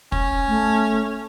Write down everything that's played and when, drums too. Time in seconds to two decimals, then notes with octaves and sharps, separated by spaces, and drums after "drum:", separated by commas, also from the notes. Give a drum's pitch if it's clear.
0.12 C#4, drum: kick
0.48 A3